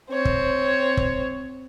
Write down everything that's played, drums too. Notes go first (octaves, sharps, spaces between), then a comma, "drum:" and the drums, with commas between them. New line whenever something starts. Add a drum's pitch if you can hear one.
C4 C#5
drum: kick
drum: kick